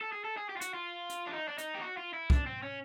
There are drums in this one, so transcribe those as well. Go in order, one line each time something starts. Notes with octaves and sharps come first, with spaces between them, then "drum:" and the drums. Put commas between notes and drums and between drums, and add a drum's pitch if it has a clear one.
A4
G#4
A4
G#4
G4
F4
F#4, drum: hi-hat
F4
drum: hi-hat
D4
D#4
D4
D#4, drum: hi-hat
G4
F#4
F4
E4
D4, drum: kick
C4
C#4